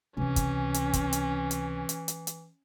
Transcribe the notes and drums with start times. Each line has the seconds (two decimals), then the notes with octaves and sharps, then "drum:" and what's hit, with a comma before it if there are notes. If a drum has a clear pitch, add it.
0.17 C#2 C3 E3 C#4
0.36 drum: kick, hi-hat
0.74 drum: hi-hat
0.93 drum: kick, hi-hat
1.13 drum: hi-hat
1.51 drum: hi-hat
1.89 drum: hi-hat
2.08 drum: hi-hat
2.27 drum: hi-hat